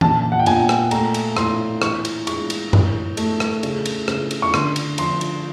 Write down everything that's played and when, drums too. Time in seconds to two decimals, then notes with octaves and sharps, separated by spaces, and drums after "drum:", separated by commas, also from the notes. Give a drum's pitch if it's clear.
0.01 A#2 A5, drum: tom E3
0.32 F#5
0.39 G5
0.46 A#2 G#5, drum: cymbal
0.69 drum: rim click
0.91 A3 A#5, drum: cymbal
1.14 drum: cymbal
1.37 A2 C6, drum: rim click
1.82 E3 C#6, drum: rim click
2.05 drum: cymbal
2.27 G#3 C#6, drum: cymbal
2.50 drum: cymbal
2.73 A2, drum: tom F#2
3.17 A3, drum: cymbal
3.40 drum: rim click
3.63 C#3, drum: cymbal
3.86 drum: cymbal
4.08 C#3, drum: rim click
4.31 drum: cymbal
4.42 C#6
4.54 D3 C6, drum: rim click
4.76 drum: cymbal
4.98 F3 C6, drum: cymbal
5.21 drum: cymbal